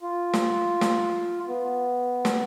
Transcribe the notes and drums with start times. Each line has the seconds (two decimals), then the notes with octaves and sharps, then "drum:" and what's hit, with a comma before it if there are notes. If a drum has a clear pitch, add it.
0.02 F4
0.33 drum: snare
0.81 drum: snare
1.48 B3
2.25 drum: snare